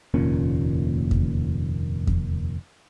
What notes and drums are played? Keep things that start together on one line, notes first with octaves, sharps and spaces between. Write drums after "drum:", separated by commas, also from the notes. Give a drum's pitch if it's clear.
F1 D#2 A#2 C#4
drum: kick E2
drum: kick E2